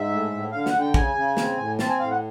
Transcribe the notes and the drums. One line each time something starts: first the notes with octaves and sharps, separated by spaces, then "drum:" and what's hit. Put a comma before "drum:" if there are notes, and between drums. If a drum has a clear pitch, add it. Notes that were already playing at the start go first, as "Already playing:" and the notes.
Already playing: G#2 E5
A2
A2
D3 F5
F#5, drum: snare
D3
G5
C#3 G#5, drum: kick
C#3
C4, drum: snare
A2
C4 A5, drum: snare
G#5
A2 F5
F#5